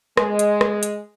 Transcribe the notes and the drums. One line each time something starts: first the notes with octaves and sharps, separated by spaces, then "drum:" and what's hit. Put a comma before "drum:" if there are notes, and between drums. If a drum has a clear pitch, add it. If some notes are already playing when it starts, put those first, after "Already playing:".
G#3, drum: rim click
drum: hi-hat
drum: rim click
drum: hi-hat